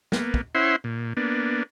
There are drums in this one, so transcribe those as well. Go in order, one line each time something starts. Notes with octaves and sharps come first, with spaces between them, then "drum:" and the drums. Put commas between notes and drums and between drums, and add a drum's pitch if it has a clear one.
A#3 B3, drum: snare
drum: kick
C#4 E4 C5 E5 F#5 C6
A#2
A#3 B3 D4